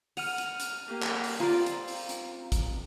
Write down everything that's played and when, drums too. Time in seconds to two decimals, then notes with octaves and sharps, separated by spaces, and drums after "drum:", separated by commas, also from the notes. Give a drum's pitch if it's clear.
0.17 F#5 F6 D#7 F7, drum: open hi-hat
0.38 drum: hi-hat
0.60 drum: hi-hat
0.88 A#3 G4
1.02 drum: clap
1.24 drum: open hi-hat
1.40 C4 F4 D5 F5 A#5
1.66 drum: hi-hat
1.88 drum: open hi-hat
2.09 drum: hi-hat
2.52 drum: kick A1, hi-hat